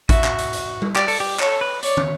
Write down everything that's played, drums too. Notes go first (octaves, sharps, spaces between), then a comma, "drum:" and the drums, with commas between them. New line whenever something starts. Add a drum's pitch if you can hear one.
F#4 E5, drum: kick A1, hi-hat
drum: clap
drum: hi-hat
drum: hi-hat
drum: tom G3
G4 D5, drum: clap
A4, drum: open hi-hat
G4
A4 C#5, drum: clap
B4
C#5 D5, drum: hi-hat
drum: tom